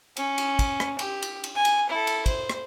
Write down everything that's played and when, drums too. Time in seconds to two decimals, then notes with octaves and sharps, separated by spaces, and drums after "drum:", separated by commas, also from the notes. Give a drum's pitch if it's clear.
0.17 C#4, drum: cymbal
0.38 drum: cymbal
0.59 drum: kick, cymbal
0.80 drum: rim click
0.99 G4, drum: cymbal
1.22 drum: cymbal
1.44 drum: cymbal
1.55 G#5
1.65 drum: cymbal
1.90 E4 A4
2.07 drum: cymbal
2.26 C5, drum: kick, cymbal
2.49 drum: rim click